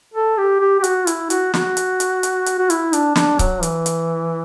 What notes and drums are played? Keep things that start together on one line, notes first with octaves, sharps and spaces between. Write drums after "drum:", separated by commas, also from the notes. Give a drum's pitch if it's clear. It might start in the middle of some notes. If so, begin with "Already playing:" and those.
A4
G4
G4
G4
F#4, drum: hi-hat
E4, drum: hi-hat
F#4, drum: hi-hat
F#4, drum: snare
drum: hi-hat
drum: hi-hat
drum: hi-hat
drum: hi-hat
F#4
E4, drum: hi-hat
D4, drum: hi-hat
D4, drum: snare
F#3, drum: kick C#1, hi-hat
E3, drum: hi-hat
drum: hi-hat